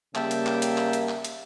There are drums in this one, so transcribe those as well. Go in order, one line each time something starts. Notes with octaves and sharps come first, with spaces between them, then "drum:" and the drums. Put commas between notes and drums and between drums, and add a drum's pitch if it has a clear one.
C#3 G3 A#3 E5 G5 A5, drum: clap
drum: hi-hat
drum: clap
drum: hi-hat
drum: clap
drum: hi-hat
drum: clap
drum: hi-hat